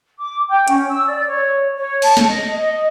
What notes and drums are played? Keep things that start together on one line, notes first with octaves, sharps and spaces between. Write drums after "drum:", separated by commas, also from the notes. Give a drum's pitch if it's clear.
D6
G5
C#4, drum: hi-hat
E6
D5
C#5
C#5
A5, drum: cymbal
drum: snare
D#5
D#5